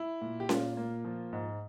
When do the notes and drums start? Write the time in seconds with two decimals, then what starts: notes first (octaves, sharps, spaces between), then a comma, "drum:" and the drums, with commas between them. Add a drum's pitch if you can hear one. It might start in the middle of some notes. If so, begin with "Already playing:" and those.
Already playing: E4
0.21 A#2
0.40 G4
0.49 A#2 F4, drum: snare C#4
0.77 A#3
1.05 F3
1.33 G#2